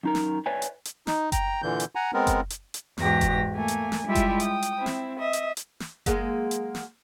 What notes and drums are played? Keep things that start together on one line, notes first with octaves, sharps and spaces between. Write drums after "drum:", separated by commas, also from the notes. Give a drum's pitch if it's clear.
F#2 D#4 A#4
drum: snare
B4 C#5 D5 E5 G5 G#5
drum: hi-hat
drum: hi-hat
D#4, drum: snare
G5 A#5, drum: kick F#1, hi-hat
A#2 D3 E3 G6
drum: hi-hat
F#5 G#5 A#5
G#3 B3 C4 A#4
drum: kick F#1, hi-hat
drum: hi-hat
drum: hi-hat
E2 G#2 F#4 G4 A#6, drum: snare
drum: kick F#1, hi-hat
A3 A#3 G#5
drum: hi-hat
drum: snare
G3 G#3 E4 F4 G4 E5
drum: kick F#1, hi-hat
G5 D#6, drum: hi-hat
drum: hi-hat
C4 E4
drum: snare
D#5 E5
drum: hi-hat
drum: hi-hat
drum: snare
F#3 G#3 A#3, drum: kick F#1, hi-hat
drum: hi-hat
drum: snare